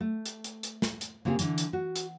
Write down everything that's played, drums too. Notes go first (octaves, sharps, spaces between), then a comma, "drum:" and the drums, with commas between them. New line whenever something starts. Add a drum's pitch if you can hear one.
A3
drum: hi-hat
drum: hi-hat
drum: hi-hat
drum: snare
drum: hi-hat
C#3 A#3 C4 E4 G4 G#4
D3 E3, drum: hi-hat
drum: hi-hat
F#4
drum: hi-hat